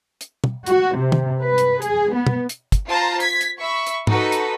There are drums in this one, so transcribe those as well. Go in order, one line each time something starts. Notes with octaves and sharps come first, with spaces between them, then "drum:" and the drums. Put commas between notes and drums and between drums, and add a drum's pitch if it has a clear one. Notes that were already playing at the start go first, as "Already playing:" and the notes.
drum: hi-hat
drum: tom
F#4, drum: hi-hat
C3
drum: tom
B4
drum: hi-hat
G#4, drum: hi-hat
B3
drum: tom
drum: hi-hat
drum: kick, hi-hat
F4 C5 A5 A#5
G#6 B6, drum: hi-hat
drum: hi-hat
E5 B5 C#6
drum: hi-hat
D#4 F#4 A4 B4, drum: tom G#2
drum: hi-hat